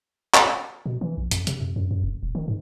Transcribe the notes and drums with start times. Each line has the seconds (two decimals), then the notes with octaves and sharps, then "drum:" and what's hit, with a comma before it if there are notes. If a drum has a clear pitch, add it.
0.34 drum: clap
0.86 B2
1.01 E3
1.18 A#1
1.31 F2, drum: hi-hat
1.47 C3, drum: hi-hat
1.60 F2
1.76 F#2
1.91 F#2
2.03 F1
2.23 D#1
2.35 D#3
2.48 G#2